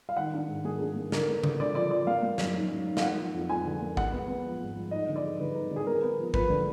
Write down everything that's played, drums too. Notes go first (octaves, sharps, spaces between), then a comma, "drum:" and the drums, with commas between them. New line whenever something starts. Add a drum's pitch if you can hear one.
F5
D#3 F#5
D4
G#2
A#3 G#4
D4 G#4
A#3
D3 A#4, drum: snare
B3
D3, drum: tom C#3
D4 D5
F3 D5
F3 D5
A#3 F5
A#3
F#2, drum: snare
D#4
F#2
D#4
F5, drum: snare
A#3 F#5
F3
F2
F2 G#5
D3
A#3
G#3 F#5, drum: kick
B3
B3
F3
G#2
F3
D#4 D#5
D3
D5
G#3
D3 B4
D#4
D3
G#4
B3 A#4
B3
F3
F3 B4, drum: kick
D3